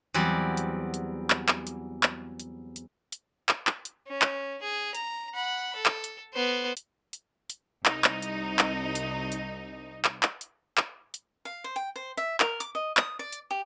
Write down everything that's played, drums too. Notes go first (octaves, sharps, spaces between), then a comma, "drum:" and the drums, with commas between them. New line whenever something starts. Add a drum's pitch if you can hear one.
E2 F#3 G3 C4
drum: hi-hat
drum: hi-hat
drum: clap
drum: clap
drum: hi-hat
drum: clap
drum: hi-hat
drum: hi-hat
drum: hi-hat
drum: clap
drum: clap
drum: hi-hat
C#4
drum: clap
G#4
A#5, drum: hi-hat
F#5 B5
A4
drum: clap
drum: hi-hat
B3 C5
drum: hi-hat
drum: hi-hat
drum: hi-hat
C2 D#4, drum: clap
drum: clap
drum: hi-hat
drum: clap
drum: hi-hat
drum: hi-hat
drum: clap
drum: clap
drum: hi-hat
drum: clap
drum: hi-hat
F5
C5
G5
C5
E5
A#4, drum: clap
D6, drum: hi-hat
D#5
D#6, drum: clap
D5
drum: hi-hat
G4